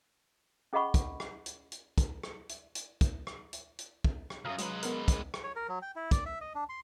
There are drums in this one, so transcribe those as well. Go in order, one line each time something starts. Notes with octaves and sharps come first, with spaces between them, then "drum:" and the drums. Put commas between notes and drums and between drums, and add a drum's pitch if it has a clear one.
C#4 G#4 D#5 F#5 B5 C#6
drum: kick, hi-hat
drum: rim click
drum: hi-hat
drum: hi-hat
drum: kick, hi-hat
drum: rim click
drum: hi-hat
drum: hi-hat
drum: kick, hi-hat
drum: rim click
drum: hi-hat
drum: hi-hat
drum: kick
drum: rim click
C#2 F#2 F5 A#5 D#6
F#3 G#3 B4, drum: hi-hat
B3 A#4, drum: hi-hat
drum: kick, hi-hat
drum: rim click
C#5
A#4
F#3
G5
E4
D5, drum: kick, hi-hat
E5
D#5
D4
C6